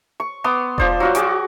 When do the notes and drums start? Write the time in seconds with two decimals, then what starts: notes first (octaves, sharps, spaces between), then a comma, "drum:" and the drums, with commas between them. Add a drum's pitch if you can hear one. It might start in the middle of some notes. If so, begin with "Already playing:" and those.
0.20 C#6
0.44 B3 C6 D6
0.78 F3 C5 D5, drum: kick E1
1.00 F#3 F4 F#4
1.15 F#4 G#4 C#6 D6, drum: hi-hat